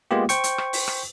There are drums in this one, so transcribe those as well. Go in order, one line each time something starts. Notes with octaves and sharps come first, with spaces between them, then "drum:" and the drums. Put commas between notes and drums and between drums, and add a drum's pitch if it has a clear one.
G#3 A#3 B3 F4 G4
C5 G5 C#6, drum: hi-hat
drum: hi-hat
drum: rim click
drum: open hi-hat
drum: rim click